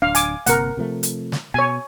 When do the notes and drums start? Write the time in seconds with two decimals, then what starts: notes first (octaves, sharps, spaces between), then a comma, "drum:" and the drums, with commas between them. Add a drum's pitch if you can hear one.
0.02 D1 D4 F5
0.15 G#5 D6, drum: hi-hat
0.46 G1 C3 A#3 A#4 F#5, drum: hi-hat
0.77 C3 F3 A3
1.03 drum: hi-hat
1.32 drum: snare
1.54 B2 C#5 G#5